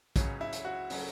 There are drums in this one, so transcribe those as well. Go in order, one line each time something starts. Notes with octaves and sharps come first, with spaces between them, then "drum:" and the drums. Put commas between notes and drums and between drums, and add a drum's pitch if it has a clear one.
C#2 C#3 F#3 C#4, drum: kick, hi-hat
E4
drum: hi-hat
F#4
C#3 F#3 C#4, drum: open hi-hat